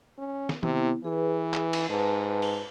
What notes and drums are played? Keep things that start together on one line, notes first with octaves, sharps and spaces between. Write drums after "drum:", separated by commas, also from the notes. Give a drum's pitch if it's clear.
C#4
drum: snare
C3 B3 E4, drum: tom D#3
E3 G#4 B4
drum: clap
drum: cymbal
G#2 B4 A5
drum: open hi-hat